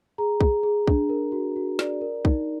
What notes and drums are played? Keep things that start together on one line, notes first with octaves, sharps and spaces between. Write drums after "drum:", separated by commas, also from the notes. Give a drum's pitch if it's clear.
G#4 A#5
G#4, drum: kick
G#4
D4, drum: kick
A#4
F#4
F#4
D5, drum: snare
A#4
D#4, drum: kick